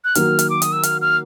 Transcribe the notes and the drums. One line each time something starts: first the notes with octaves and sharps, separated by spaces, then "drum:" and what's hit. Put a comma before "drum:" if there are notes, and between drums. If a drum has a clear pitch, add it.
F#6
D#3 F#3 A#3 F6, drum: hi-hat
drum: hi-hat
D6
D#6, drum: hi-hat
E6
F6, drum: hi-hat
F6